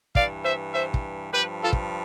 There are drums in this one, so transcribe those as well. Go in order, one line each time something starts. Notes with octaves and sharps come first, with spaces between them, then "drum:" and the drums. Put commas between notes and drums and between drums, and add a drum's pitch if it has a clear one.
G2 E3 D5 F5, drum: kick
C5 E5
C5 E5
drum: kick
G2 F3 G4 B4
F4 A4
drum: kick